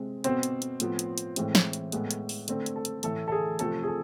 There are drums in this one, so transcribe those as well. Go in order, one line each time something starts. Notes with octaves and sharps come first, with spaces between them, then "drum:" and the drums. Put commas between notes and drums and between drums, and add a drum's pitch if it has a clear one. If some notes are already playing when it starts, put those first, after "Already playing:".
Already playing: C3 G#3 C4
B2 B3 C4 C5, drum: hi-hat
drum: hi-hat
drum: hi-hat
A2 F3 B3, drum: hi-hat
drum: hi-hat
drum: hi-hat
A2 E3 G#3 C4, drum: hi-hat
drum: snare
drum: hi-hat
A2 G#3 B3, drum: hi-hat
drum: hi-hat
drum: open hi-hat
D3 A3 C4, drum: hi-hat
drum: hi-hat
A4
drum: hi-hat
A2 E3 A3 A4, drum: hi-hat
A4
G#4
C3 F3 A3 C4 A4, drum: hi-hat
G#4
A4